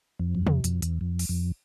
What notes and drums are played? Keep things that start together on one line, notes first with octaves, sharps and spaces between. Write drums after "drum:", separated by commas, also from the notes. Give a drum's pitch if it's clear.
F2
F#2
F2, drum: tom
F2, drum: hi-hat
E2, drum: hi-hat
F2
drum: open hi-hat
F2